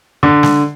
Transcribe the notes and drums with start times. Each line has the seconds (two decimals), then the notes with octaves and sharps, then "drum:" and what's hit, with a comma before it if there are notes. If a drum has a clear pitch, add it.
0.23 D3
0.43 drum: snare